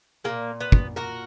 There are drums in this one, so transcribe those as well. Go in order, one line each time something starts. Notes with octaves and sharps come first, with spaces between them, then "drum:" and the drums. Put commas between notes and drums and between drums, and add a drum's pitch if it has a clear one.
A#2 G#3 A#3
B3
drum: kick
F#4 A#4